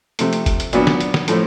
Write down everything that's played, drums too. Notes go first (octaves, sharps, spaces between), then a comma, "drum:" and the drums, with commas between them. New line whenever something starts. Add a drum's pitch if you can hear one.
C3 F3 A3, drum: hi-hat
drum: hi-hat
drum: kick, hi-hat
drum: hi-hat
A#2 F#3 B3 D4 F#4, drum: hi-hat
drum: snare
drum: hi-hat
drum: snare
A2 F3 A3, drum: hi-hat